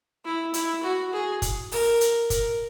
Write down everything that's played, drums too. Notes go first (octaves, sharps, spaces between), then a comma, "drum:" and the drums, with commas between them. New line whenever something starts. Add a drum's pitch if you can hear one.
E4
E4, drum: hi-hat
F#4
G#4
drum: kick, hi-hat
A#4, drum: open hi-hat
drum: hi-hat
A#4, drum: kick, hi-hat